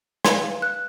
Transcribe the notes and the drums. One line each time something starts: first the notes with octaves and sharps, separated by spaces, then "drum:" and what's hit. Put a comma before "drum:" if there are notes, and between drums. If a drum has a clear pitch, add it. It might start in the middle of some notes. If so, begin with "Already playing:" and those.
B4 F5 G#6, drum: rim click
F#6